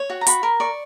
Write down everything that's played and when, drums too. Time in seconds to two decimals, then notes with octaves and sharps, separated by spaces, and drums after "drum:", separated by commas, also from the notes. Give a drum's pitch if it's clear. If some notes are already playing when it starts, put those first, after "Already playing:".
Already playing: C#5
0.10 F#4
0.21 A#5
0.27 F#4 B5, drum: hi-hat
0.43 A#4
0.60 D5 C#6